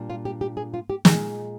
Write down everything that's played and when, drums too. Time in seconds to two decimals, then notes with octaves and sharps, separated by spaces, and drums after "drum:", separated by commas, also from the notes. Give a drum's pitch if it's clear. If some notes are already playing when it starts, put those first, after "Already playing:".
Already playing: A#2 G3 D4
0.10 F4
0.25 G4
0.41 G4
0.57 G#4
0.74 F4
0.90 G4
1.05 A#2 G#3 D#4 G#4, drum: snare